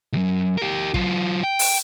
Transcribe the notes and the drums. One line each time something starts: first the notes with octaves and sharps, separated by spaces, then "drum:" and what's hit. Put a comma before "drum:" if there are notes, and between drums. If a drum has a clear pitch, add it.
C#2 F#2
G4 A#4
F#3 F4, drum: kick
G5
drum: open hi-hat